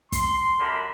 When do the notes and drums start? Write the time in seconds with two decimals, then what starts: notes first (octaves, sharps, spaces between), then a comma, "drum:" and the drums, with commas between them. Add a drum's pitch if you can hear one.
0.12 C6, drum: kick, hi-hat
0.59 F#2 D3 G4 A#4 B5